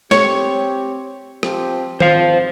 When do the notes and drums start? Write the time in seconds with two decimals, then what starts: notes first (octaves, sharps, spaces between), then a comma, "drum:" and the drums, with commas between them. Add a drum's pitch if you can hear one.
0.11 C4 G4 C#5, drum: snare
1.43 F3 C4 G4, drum: rim click
2.00 G#1 C4 C5 F5, drum: tom D#3